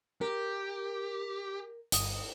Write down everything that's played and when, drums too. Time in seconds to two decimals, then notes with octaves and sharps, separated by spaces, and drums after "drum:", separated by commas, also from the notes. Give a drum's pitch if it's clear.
0.21 G4 A#4
1.92 G1 D#6, drum: hi-hat